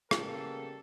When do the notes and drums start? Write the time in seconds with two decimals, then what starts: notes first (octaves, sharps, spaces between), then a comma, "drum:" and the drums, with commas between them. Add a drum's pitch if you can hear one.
0.11 C#3 G3 A#3 B3 G4 A4, drum: rim click